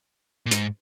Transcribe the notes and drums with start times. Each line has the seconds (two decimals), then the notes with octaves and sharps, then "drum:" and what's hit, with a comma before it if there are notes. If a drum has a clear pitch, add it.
0.46 A#2
0.51 G#2, drum: hi-hat